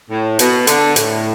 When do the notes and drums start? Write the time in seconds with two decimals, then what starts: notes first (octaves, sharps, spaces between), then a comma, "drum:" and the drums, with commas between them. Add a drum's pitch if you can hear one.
0.10 A2
0.39 B2, drum: hi-hat
0.67 D3, drum: hi-hat
0.96 A2, drum: hi-hat